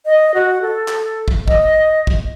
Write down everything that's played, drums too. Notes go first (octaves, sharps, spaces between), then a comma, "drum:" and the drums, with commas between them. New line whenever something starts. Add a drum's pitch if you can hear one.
D#5
F#4
A4
drum: clap
drum: kick
D#5, drum: kick
drum: kick